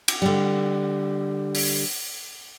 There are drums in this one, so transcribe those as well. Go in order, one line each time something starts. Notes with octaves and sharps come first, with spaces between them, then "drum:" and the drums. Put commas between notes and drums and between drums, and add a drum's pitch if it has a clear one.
drum: cymbal
D3 G3
drum: open hi-hat